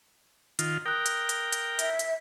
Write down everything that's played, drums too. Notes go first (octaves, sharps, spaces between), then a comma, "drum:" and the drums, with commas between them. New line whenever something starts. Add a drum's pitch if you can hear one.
D#3 F4, drum: hi-hat
A#4 G5 D#6 F#6
drum: hi-hat
drum: hi-hat
drum: hi-hat
E5, drum: hi-hat
drum: hi-hat